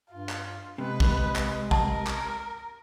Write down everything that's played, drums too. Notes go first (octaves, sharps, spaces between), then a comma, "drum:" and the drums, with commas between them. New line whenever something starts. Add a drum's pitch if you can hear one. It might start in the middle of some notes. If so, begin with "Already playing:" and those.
G2 F4
drum: clap
C3 G#3 B4
drum: kick A#1
drum: clap
A#4 A5, drum: kick A#1
drum: clap